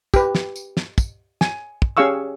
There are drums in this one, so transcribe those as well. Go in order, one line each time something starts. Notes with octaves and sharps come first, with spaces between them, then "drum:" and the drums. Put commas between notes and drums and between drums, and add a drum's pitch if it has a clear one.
G4 B4, drum: kick, tambourine
drum: snare
drum: tambourine
drum: snare
drum: kick, tambourine
G#5, drum: snare
drum: kick
C#4 G4 G#4 F5 C#6 E6